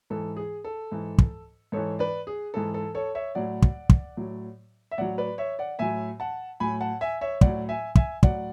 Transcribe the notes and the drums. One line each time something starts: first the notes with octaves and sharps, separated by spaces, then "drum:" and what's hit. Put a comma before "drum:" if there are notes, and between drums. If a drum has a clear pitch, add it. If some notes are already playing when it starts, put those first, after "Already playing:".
G#2 E3 A4
G#4
A4
G#2 E3
drum: kick
G#2 E3 A4 C#5
B4 D5
G#4
G#2 E3 A4
A4
A4 C#5
C#5 E5
A2 F#3 D5 F#5
drum: kick
drum: kick
A2 F#3
E5
A2 F#3 D5 F#5
B4 D5
C#5 E5
D5 F#5
A2 F#3 E5 G#5
F#5 A5
A2 F#3 G#5 B5
F#5 A5
E5 G#5
C#5 E5
A2 F#3 D5 F#5, drum: kick
E5 G#5
E5 G#5, drum: kick
A2 F#3 D5 F#5, drum: kick